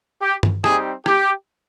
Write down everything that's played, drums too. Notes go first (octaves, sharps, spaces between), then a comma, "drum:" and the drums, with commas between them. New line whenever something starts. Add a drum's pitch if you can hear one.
G4
drum: tom G2
G3 C4 D#4 G4 G#4, drum: rim click
G4, drum: rim click